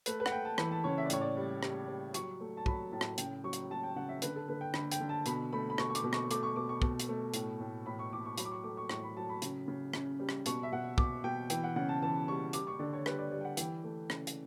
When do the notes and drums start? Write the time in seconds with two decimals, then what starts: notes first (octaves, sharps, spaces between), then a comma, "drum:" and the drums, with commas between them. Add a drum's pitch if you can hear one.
0.06 A3 B4, drum: hi-hat
0.20 B4
0.26 F#5, drum: rim click
0.32 A3 G5
0.45 A5
0.58 E3 B5, drum: rim click
0.72 A5
0.84 C#3 C#5
0.98 E5
1.05 D5
1.10 A2 C#5, drum: hi-hat
1.21 D5
1.37 G3
1.63 G3, drum: rim click
1.88 G3
2.14 F#3 C#6, drum: hi-hat
2.40 A3
2.57 A5
2.66 F#3 B5, drum: kick
2.92 A2 A5
3.01 drum: rim click
3.18 C#3 G5, drum: hi-hat
3.44 F#3 C#6
3.53 drum: hi-hat
3.71 F#3 A5
3.83 G5
3.96 C#3 F#5
4.09 E5
4.22 D3 B4, drum: hi-hat
4.36 A4
4.48 D3 B4
4.61 G5
4.74 D3 B5, drum: rim click
4.92 G5, drum: hi-hat
5.00 D3
5.09 A5
5.26 B2 B5, drum: hi-hat
5.53 A3 B5
5.70 B5
5.78 B2 C#6, drum: rim click
5.90 C#6
5.95 D6, drum: hi-hat
6.04 B2
6.13 C#6, drum: rim click
6.31 A3 D6, drum: hi-hat
6.43 C#6
6.56 B2 D6
6.69 C#6
6.82 B2, drum: kick
7.00 drum: hi-hat
7.09 A3
7.34 A2, drum: hi-hat
7.60 A2
7.86 A2 B5
7.99 C#6
8.13 A2 D6
8.25 C#6
8.38 F#3 B5, drum: hi-hat
8.45 D6
8.51 C#6
8.64 A3 D6
8.77 C#6
8.89 A2 C#6, drum: rim click
9.03 B5
9.16 F#3 A5
9.29 B5
9.42 C#3, drum: hi-hat
9.68 C#3
9.94 C#3, drum: rim click
10.19 G3
10.29 drum: rim click
10.46 B2 C#6, drum: hi-hat
10.63 E5
10.72 B2 F#5
10.98 B2 D6, drum: kick
11.24 B2 G5
11.50 E3 G5, drum: hi-hat
11.64 F#5
11.76 C#3 F#5
11.89 A5
12.02 E3 A5
12.28 G3 C#6
12.53 G3 D6, drum: hi-hat
12.67 C#6
12.79 D3 D5
12.93 C#5
13.06 G3 B4, drum: rim click
13.19 D5
13.31 G3 D5
13.41 G5
13.45 F#5
13.57 E3 G5, drum: hi-hat
13.84 A3
14.10 C#3, drum: rim click
14.27 drum: hi-hat